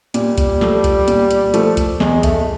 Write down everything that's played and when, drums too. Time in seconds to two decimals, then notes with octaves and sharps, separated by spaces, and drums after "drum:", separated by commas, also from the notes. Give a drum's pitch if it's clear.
0.14 A#2 G3, drum: hi-hat
0.38 drum: kick C2, hi-hat
0.61 F3 A3, drum: snare
0.84 drum: kick C2, hi-hat
1.08 A#2, drum: hi-hat
1.31 drum: hi-hat
1.54 F3 A3, drum: hi-hat
1.77 drum: kick C2, hi-hat
2.00 E2 G#3, drum: snare
2.23 A3, drum: kick C2, hi-hat